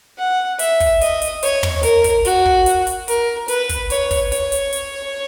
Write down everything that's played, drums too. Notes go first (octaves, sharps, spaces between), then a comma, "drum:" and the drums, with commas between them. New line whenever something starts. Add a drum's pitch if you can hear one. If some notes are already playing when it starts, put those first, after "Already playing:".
F#5
E5, drum: hi-hat
drum: kick, open hi-hat
D#5, drum: hi-hat
drum: hi-hat
C#5, drum: hi-hat
drum: tom
A#4, drum: hi-hat
drum: kick, hi-hat
F#4, drum: hi-hat
drum: kick
drum: hi-hat
drum: hi-hat
A#4, drum: hi-hat
B4, drum: hi-hat
drum: kick, hi-hat
C#5, drum: hi-hat
drum: kick, open hi-hat
C#5, drum: hi-hat
drum: hi-hat
drum: hi-hat